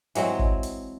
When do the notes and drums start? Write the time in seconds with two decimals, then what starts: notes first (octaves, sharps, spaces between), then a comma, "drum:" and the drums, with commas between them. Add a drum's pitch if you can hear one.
0.15 E3 F#3 G#3 C4, drum: hi-hat
0.39 drum: kick
0.63 drum: hi-hat